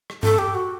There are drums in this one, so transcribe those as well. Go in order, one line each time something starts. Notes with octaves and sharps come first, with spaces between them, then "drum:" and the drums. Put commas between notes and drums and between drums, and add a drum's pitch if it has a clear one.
drum: rim click
A4, drum: tom G2
G4
F#4